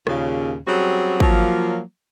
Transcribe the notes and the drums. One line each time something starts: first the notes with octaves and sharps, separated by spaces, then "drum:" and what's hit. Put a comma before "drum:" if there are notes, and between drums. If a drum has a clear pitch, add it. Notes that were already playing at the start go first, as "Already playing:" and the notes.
D#2 A#2 C#3, drum: rim click
F#3 G3 C4 C#4 F#4 G#4
F3 F#3 A#3, drum: kick